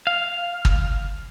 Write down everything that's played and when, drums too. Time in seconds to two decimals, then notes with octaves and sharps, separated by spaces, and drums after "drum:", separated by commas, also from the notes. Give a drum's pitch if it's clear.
0.07 F5
0.65 drum: kick